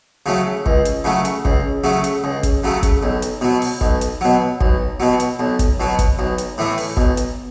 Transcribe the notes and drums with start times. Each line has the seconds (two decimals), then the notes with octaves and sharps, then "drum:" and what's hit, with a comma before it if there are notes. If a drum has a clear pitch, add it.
0.26 C#3 F#3 A3
0.66 C#2, drum: kick G1
0.85 drum: hi-hat
1.04 C#3 F#3 A3
1.25 drum: hi-hat
1.45 C#2, drum: kick G1
1.84 C#3 F#3 A3
2.04 drum: hi-hat
2.24 C#2
2.43 drum: kick G1, hi-hat
2.64 C#3 F#3 A3
2.83 drum: kick G1, hi-hat
3.03 B1
3.22 drum: hi-hat
3.41 B2 F#3
3.62 drum: open hi-hat
3.81 B1, drum: kick G1
4.01 drum: hi-hat
4.21 B2 F#3
4.61 B1, drum: kick G1
5.00 B2 F#3
5.20 drum: hi-hat
5.39 B1
5.59 drum: kick G1, hi-hat
5.80 B2 F#3
5.99 drum: kick G1, hi-hat
6.19 B1
6.38 drum: hi-hat
6.58 A2 E3 A3
6.78 drum: open hi-hat
6.97 B1, drum: kick G1
7.17 drum: hi-hat